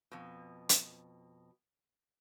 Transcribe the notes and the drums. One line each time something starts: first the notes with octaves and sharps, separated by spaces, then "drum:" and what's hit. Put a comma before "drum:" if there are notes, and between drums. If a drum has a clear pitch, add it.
F2 B2
drum: hi-hat